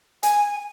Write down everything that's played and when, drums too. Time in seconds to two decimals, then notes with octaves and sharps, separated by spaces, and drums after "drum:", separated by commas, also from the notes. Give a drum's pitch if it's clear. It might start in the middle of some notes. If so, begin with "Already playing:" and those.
0.23 G#5, drum: hi-hat